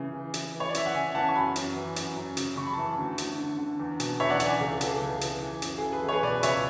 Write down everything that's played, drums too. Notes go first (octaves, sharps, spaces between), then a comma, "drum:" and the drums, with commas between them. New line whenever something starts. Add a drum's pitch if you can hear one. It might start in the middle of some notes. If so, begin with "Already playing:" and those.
Already playing: C#3 E3
E3
E3, drum: hi-hat
E3
C#5
D5
E3 E5, drum: hi-hat
F#5
C#3 E5 G#5
E2 F#5 A5
C#6
F#2 G#5 B5
F#2, drum: hi-hat
E3
F#2, drum: hi-hat
F#2
C#3, drum: hi-hat
C#3 C#6
B5
E3 A5 C#6
D2
D2, drum: hi-hat
D3
D3
E2
B2, drum: hi-hat
E2 C#5 E5
D5 F#5
E2 D5 F#5, drum: hi-hat
G#5
D5 F#5
C#2 G#4
A4
E3 A4, drum: hi-hat
G#4
C#2
C#3, drum: hi-hat
E3
F#2, drum: hi-hat
G#4
F#2 A4
G#4 B4
E3
C#5
G#4 B4
B2 B4 D5
C#2 C#5 E5, drum: hi-hat